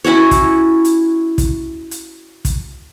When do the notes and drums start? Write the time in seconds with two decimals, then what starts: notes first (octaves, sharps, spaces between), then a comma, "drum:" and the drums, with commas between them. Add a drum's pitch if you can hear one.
0.04 C#4 E4 F#4 C#5
0.31 drum: kick, hi-hat
0.85 drum: hi-hat
1.38 drum: kick, hi-hat
1.91 drum: hi-hat
2.45 drum: kick, hi-hat